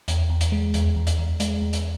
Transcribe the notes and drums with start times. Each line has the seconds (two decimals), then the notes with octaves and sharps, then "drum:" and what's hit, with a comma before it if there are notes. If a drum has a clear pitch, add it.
0.08 E2, drum: hi-hat
0.30 E2
0.41 drum: hi-hat
0.52 G#3
0.74 E2, drum: hi-hat
0.96 E2
1.07 drum: hi-hat
1.18 E2
1.40 G#3, drum: hi-hat
1.62 E2
1.73 drum: hi-hat